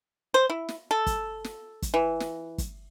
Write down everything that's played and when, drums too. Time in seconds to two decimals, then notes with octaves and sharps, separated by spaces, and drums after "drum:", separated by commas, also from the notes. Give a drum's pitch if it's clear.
0.34 C5
0.50 E4
0.69 drum: snare
0.91 A4
1.06 drum: kick, hi-hat
1.44 drum: snare
1.82 drum: kick, hi-hat
1.94 E3
2.20 drum: snare
2.58 drum: kick, hi-hat